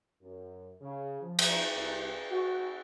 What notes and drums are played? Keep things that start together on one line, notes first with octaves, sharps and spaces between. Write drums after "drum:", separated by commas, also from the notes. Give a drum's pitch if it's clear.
F#2
C#3
F3
drum: cymbal
C2
F#4